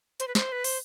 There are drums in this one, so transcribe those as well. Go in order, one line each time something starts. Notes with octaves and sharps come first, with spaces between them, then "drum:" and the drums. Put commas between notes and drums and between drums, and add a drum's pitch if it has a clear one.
C5, drum: hi-hat
B4
C5, drum: snare
B4
C5, drum: open hi-hat